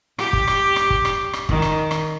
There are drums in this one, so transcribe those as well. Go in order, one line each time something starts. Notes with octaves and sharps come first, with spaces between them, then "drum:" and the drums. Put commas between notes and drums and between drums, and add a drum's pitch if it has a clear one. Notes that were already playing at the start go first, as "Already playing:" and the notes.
G4, drum: rim click
drum: kick
drum: rim click
drum: rim click
drum: kick
drum: rim click
drum: rim click
D#3, drum: kick
drum: rim click
drum: rim click